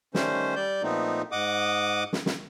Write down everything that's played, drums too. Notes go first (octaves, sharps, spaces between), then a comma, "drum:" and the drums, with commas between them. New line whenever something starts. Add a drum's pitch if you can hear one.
D#3 G3 A3 C#4 C5, drum: snare
G3 D5 G6
A#2 F3 A3 B3 C4 D#4
G#2 D#5 F#5 D6 D#6
drum: snare
drum: snare